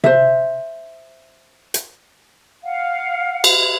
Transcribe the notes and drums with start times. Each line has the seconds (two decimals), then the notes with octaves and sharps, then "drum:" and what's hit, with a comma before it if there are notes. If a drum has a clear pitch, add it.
0.04 C5 E5, drum: tom C3
1.74 drum: hi-hat
2.64 F5 F#5
3.44 drum: cymbal